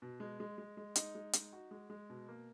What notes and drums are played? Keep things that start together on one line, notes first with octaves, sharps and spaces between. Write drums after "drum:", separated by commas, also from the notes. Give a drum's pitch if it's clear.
B2
G#3
G#3
G#3
G#3
D#4, drum: hi-hat
G#3
D#4, drum: hi-hat
F#4
G#3
G#3
B2
A#3